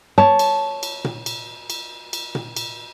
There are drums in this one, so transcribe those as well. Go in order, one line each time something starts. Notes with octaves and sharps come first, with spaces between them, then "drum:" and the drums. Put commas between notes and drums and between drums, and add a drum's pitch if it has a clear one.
C#5 A5
drum: cymbal
drum: cymbal
drum: tom A#2
drum: cymbal
drum: cymbal
drum: cymbal
drum: tom A#2
drum: cymbal